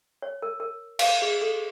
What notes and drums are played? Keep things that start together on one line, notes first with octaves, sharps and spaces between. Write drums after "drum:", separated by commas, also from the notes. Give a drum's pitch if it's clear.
C#5
A#4
A#4
F5, drum: cymbal
G#4
A4